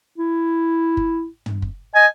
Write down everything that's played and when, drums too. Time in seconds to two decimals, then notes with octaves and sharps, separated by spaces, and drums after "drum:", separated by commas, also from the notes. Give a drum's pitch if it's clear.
0.18 E4
0.97 drum: kick
1.46 drum: tom
1.62 drum: kick
1.95 D#5 G#5